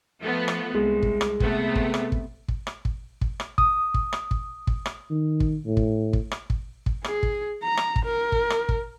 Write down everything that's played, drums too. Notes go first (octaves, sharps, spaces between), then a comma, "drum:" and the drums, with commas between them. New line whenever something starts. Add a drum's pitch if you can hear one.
F3 A3 B3
drum: rim click
C2 G#3
drum: kick
drum: rim click
C3 A3 B3, drum: kick
drum: kick
drum: rim click
drum: kick
drum: kick
drum: rim click
drum: kick
drum: kick
drum: rim click
D#6, drum: kick
drum: kick
drum: rim click
drum: kick
drum: kick
drum: rim click
D#3
drum: kick
A2
drum: kick
drum: kick
drum: rim click
drum: kick
drum: kick
G#4, drum: rim click
drum: kick
A#5
drum: rim click
drum: kick
A#4
drum: kick
drum: rim click
drum: kick